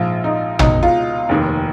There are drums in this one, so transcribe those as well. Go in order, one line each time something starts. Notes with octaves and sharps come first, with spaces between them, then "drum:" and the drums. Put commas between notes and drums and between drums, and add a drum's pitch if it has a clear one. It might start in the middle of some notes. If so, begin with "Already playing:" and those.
Already playing: A#1 G#2 F3 F4
D#4
C#2 B2 D#4, drum: tom
F4
F1 D#2 D#3